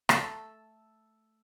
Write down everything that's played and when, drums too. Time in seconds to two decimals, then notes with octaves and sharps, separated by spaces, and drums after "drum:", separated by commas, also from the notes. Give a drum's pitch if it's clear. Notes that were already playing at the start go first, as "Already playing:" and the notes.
0.09 A3 A4, drum: rim click